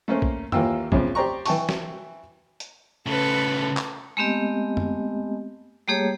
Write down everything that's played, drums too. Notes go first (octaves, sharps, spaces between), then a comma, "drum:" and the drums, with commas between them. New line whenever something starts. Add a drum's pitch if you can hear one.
A3 A#3 C#4 C5
drum: kick
D#2 E3 A#3 F4 G5 E6, drum: tom
E2 A2 C#3 F3 C4, drum: kick
G4 C5 D5 A#5 C#6
E3 G5 A5 C#6, drum: open hi-hat
drum: snare
drum: hi-hat
C#3 A3 A4 B4
drum: clap
G#3 A3 B3 C4 G4 D#5
drum: tom
G3 A3 A#3 G4 G#4 C#5